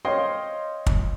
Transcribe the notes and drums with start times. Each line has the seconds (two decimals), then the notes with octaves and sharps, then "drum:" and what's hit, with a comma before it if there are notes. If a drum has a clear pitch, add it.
0.05 C5 C#5 D#5 F5 G5 C6
0.86 drum: kick